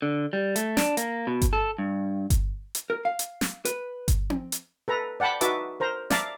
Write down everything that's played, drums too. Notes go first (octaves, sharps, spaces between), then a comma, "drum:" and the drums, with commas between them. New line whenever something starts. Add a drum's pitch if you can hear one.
D3
G3
A3, drum: hi-hat
D4, drum: snare
A#3, drum: hi-hat
B2
drum: kick G1, hi-hat
A4
G2
drum: kick G1, hi-hat
drum: hi-hat
A#4
F5
drum: hi-hat
drum: snare
B4, drum: hi-hat
drum: kick G1, hi-hat
drum: tom C4
drum: hi-hat
A4 B4 A#5
D5 F#5 G5 A5 B5
D#4 F#4 B4 E5 A5 D6, drum: hi-hat
A#4 C5 A#5
D5 E5 F5 A5 A#5 D6, drum: snare